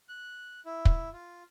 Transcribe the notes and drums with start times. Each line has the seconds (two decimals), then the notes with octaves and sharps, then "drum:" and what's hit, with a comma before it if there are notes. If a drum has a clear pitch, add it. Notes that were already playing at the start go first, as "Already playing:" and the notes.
0.09 F#6
0.66 E4
0.85 drum: kick
1.13 F4